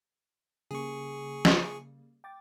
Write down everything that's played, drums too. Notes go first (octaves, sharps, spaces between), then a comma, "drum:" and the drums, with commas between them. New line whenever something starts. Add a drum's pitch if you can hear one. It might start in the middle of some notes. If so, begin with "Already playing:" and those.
C#3 G3 A#3 G#4 C#6
drum: snare
G5 D6 A6